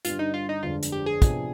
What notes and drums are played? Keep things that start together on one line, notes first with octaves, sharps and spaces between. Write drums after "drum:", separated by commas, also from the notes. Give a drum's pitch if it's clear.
G2 D3 G3 F4, drum: hi-hat
D#4
F4
D#4
G1 F2 D3 G#3 D4 F4
drum: hi-hat
G4
G#4
C3 F3 B3 D4, drum: kick, hi-hat